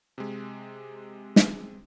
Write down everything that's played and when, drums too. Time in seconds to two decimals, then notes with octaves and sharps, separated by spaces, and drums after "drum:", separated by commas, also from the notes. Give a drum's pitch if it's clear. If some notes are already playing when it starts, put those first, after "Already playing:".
0.18 C3 G#3
1.36 drum: snare